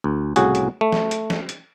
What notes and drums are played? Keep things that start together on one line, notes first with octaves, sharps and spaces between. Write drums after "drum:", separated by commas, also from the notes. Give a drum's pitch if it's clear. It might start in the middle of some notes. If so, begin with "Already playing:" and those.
D2
C2 A2 C#3 F#4 G#4, drum: hi-hat
drum: hi-hat
A3
drum: snare
drum: hi-hat
drum: snare
drum: hi-hat